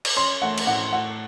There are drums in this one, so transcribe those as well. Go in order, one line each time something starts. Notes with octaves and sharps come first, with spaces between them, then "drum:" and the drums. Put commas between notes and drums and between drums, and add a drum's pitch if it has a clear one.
drum: cymbal
C#4 C6
A3 F#5
drum: cymbal
A2 F#5
A3 F#5